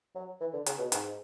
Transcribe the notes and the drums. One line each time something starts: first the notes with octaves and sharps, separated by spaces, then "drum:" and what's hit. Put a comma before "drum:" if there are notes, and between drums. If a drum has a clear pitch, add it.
F#3
E3
D3
C#3, drum: hi-hat
B2
G#2, drum: hi-hat